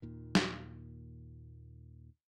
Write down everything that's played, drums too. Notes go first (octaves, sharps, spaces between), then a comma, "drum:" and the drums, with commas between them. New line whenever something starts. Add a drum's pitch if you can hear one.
D#2 A#2 D#3
drum: snare